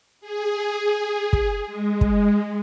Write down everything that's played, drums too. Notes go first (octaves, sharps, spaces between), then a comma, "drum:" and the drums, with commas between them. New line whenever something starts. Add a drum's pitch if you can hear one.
G#4
drum: kick
G#3
drum: kick